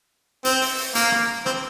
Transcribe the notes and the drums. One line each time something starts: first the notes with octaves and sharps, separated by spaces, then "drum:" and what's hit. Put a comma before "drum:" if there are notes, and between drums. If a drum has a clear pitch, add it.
C4, drum: hi-hat
drum: open hi-hat
drum: open hi-hat
A#3, drum: hi-hat
drum: rim click
C4, drum: rim click